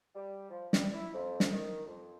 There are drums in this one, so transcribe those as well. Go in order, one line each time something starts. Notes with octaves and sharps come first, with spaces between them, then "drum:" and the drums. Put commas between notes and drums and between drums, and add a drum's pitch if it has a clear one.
G3
F3
G3, drum: snare
E4
F2
drum: snare
D#3
F2